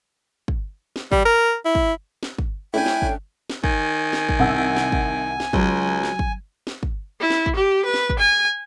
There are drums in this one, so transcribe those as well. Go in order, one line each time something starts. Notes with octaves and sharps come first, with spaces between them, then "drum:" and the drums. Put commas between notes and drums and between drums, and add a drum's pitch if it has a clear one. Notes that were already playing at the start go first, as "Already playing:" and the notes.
drum: kick
drum: snare
G3, drum: kick
A#4
E4
drum: kick
drum: snare
drum: kick
A3 C#4 D4 E4 G5 G#5
drum: snare
drum: kick
drum: snare
D#3 G#5, drum: kick
drum: snare
drum: kick
C2 F#5 E6
drum: snare
drum: kick
drum: snare
C#2 F#3, drum: kick
drum: snare
drum: kick
drum: snare
drum: kick
E4
drum: snare
drum: kick
G4
B4
drum: snare
drum: kick
G#5